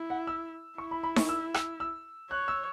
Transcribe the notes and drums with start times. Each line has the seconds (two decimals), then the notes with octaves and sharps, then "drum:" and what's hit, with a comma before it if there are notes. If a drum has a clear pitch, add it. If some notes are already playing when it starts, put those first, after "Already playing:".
Already playing: E4
0.10 F#5
0.27 E6
0.78 E4 C#6
0.91 B5
1.03 B5
1.16 C#6, drum: snare D#4
1.29 E6
1.54 E6, drum: rim click
1.80 E6
2.30 C#5 F#6
2.48 E6